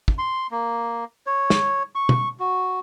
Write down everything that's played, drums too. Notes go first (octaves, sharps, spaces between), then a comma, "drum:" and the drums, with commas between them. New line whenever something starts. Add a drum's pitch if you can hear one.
drum: kick
C6
A#3
C#5
drum: snare
C#6
drum: tom
F#4